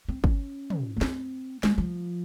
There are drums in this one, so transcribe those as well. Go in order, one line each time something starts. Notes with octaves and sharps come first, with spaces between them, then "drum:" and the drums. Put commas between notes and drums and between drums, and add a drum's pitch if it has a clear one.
C4
C#4, drum: kick
drum: tom
A#3
C4, drum: snare
G#3, drum: snare
F3